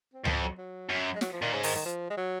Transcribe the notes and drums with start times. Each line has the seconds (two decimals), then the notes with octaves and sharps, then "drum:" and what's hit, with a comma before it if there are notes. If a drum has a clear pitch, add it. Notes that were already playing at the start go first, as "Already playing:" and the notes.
0.14 C4
0.25 F2 A#3, drum: tom C#2
0.34 F3
0.41 F#3
0.57 F#3
0.89 F#2
1.15 G#3
1.21 F#3, drum: snare
1.32 F3
1.42 A#2 D#3
1.52 G#2 C#3
1.63 D#3, drum: open hi-hat
1.75 D#3
1.85 F3
2.10 G#3
2.17 F#3